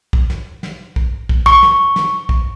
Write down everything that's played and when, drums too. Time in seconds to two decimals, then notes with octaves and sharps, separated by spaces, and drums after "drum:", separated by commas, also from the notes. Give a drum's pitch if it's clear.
0.13 drum: kick
0.30 drum: snare
0.63 drum: snare
0.96 drum: kick
1.29 drum: kick
1.46 C#6, drum: kick
1.63 drum: snare
1.96 drum: snare
2.29 drum: kick